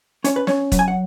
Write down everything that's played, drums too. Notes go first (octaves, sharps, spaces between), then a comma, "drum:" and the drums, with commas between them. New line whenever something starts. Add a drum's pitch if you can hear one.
C#4 C#5, drum: hi-hat
B4
C#4 C#5, drum: snare
F#3, drum: kick, hi-hat
G#5
F#5